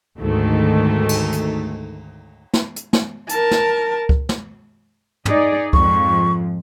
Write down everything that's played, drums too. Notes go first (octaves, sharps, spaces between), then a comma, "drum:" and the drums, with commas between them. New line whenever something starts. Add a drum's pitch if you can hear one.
D2 G#2 D#3 A3
drum: cymbal
drum: hi-hat
drum: snare
drum: hi-hat
drum: snare
A#4 A5, drum: hi-hat
drum: snare
drum: kick C#2
drum: snare
D#4 G#4 D5, drum: tom
F2 G#2 F3 C#6, drum: kick C#2